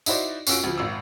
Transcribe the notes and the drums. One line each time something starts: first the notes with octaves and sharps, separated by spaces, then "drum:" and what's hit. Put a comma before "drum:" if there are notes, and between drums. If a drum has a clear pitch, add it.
D#4 E4 F#4 C5 D5, drum: tambourine
F#1 C#4 F4 F#4 E6 D7, drum: tambourine
D2 F3
D#1 G#1 E6